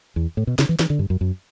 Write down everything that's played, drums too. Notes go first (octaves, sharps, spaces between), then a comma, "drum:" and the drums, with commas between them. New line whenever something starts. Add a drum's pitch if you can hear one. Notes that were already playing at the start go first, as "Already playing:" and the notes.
E2
A2
B2
C#3, drum: snare
E3
E3, drum: snare
D3
G2
F#2
F#2